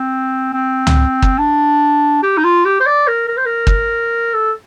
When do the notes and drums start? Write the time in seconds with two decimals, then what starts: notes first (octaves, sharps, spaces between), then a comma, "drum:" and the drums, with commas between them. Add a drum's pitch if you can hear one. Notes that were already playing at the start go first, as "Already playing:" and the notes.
Already playing: C4
0.53 C4
0.87 drum: tom C#2
1.22 drum: kick
1.38 D4
2.23 G4
2.37 D#4
2.44 F4
2.65 G4
2.80 C5
2.86 D5
3.07 A#4
3.28 A#4
3.37 C5
3.45 A#4
3.67 drum: kick
4.34 A4